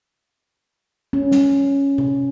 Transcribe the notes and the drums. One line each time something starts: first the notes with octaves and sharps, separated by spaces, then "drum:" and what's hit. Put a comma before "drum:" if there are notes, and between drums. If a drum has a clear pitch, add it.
C#4
drum: snare
drum: tom C3